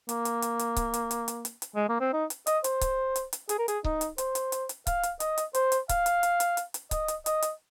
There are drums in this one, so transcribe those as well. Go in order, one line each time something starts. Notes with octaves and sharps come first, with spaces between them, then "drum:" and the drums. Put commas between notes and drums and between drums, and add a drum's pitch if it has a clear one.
A#3, drum: hi-hat
drum: hi-hat
drum: hi-hat
drum: hi-hat
drum: kick C#1, hi-hat
drum: hi-hat
drum: hi-hat
drum: hi-hat
drum: hi-hat
drum: hi-hat
G#3
A#3
C4
D#4
drum: hi-hat
D#5, drum: hi-hat
C5, drum: hi-hat
drum: kick C#1, hi-hat
drum: hi-hat
drum: hi-hat
G#4, drum: hi-hat
A#4
G#4, drum: hi-hat
D#4, drum: kick C#1
drum: hi-hat
C5, drum: hi-hat
drum: hi-hat
drum: hi-hat
drum: hi-hat
F5, drum: kick C#1, hi-hat
drum: hi-hat
D#5, drum: hi-hat
drum: hi-hat
C5, drum: hi-hat
drum: hi-hat
F5, drum: kick C#1, hi-hat
drum: hi-hat
drum: hi-hat
drum: hi-hat
drum: hi-hat
drum: hi-hat
D#5, drum: kick C#1, hi-hat
drum: hi-hat
D#5, drum: hi-hat
drum: hi-hat